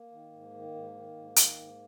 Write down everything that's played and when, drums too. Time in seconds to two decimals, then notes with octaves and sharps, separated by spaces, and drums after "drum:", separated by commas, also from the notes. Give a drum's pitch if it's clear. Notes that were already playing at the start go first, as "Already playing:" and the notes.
Already playing: A#3
0.11 D#3
0.32 G#2
0.54 D#3
0.75 G#2
0.95 D#3
1.16 G#2
1.36 D#3, drum: hi-hat
1.58 G#2